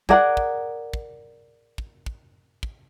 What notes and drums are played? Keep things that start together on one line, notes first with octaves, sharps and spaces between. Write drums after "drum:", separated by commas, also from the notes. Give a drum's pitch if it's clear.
G#4 A#4 D5 F#5, drum: kick
drum: kick
drum: kick
drum: kick
drum: kick
drum: kick